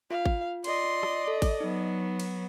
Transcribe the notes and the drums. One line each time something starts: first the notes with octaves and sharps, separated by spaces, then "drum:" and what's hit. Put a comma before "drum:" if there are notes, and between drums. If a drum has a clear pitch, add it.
F4 F5
drum: kick G#1
D5 D#5 C6, drum: cymbal
drum: rim click
A4
drum: kick G#1, cymbal
F#3 B3 D#4
drum: cymbal